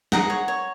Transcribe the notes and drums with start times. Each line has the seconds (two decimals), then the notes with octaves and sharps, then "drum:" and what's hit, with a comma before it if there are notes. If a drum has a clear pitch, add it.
0.12 G#4 F#5 A#5, drum: snare
0.30 C#5
0.48 C#5